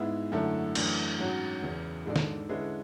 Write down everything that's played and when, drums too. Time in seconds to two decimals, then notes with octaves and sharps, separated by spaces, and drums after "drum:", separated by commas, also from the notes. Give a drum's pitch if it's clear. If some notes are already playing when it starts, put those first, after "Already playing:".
Already playing: G#2 G#3 B3 E4
0.32 F#2 D3 A3 E4 A4
0.75 F#2 E3 A3 D4, drum: cymbal
1.19 G#2 F#3 C#4 F#4
1.63 E2 C#3 E3
2.06 G#2 G#3 D4 A4 D5
2.16 drum: snare
2.49 D3 G#3 C#4 E4 B4